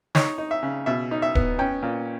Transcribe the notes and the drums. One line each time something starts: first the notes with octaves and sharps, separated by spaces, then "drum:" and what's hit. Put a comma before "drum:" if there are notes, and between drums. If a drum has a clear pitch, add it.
D#4 C#5, drum: snare
D#4
E5
C#3
B2 E5
D#4
E5
B3, drum: kick D1
C#4 G5
A#2